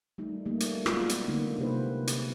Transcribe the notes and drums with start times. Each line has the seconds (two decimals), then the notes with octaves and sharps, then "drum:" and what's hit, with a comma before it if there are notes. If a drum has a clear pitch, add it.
0.18 G3 A3 D#4
0.46 G3 A3 A#3
0.60 drum: hi-hat
0.86 F#3 G#3 A3 B3 C#4 F4, drum: rim click
1.09 drum: hi-hat
1.28 D3 A3 A#3 C4 D#4
1.58 C3 A#3 D4 G4 B4 C5
2.07 drum: hi-hat